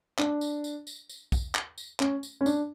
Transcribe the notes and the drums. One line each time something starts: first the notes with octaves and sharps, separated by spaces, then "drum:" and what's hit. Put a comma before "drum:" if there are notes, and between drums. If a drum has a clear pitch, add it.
D4, drum: clap
drum: tambourine
drum: tambourine
drum: tambourine
drum: tambourine
drum: kick, tambourine
drum: clap
drum: tambourine
C#4, drum: clap
drum: tambourine
C#4
D4, drum: tambourine